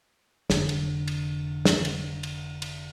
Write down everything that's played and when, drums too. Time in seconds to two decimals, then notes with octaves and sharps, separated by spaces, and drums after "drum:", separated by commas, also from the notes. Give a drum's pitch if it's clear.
0.50 F1 D3, drum: snare
0.69 drum: cymbal
1.08 drum: cymbal
1.65 drum: snare
1.85 drum: cymbal
2.23 drum: cymbal
2.62 drum: cymbal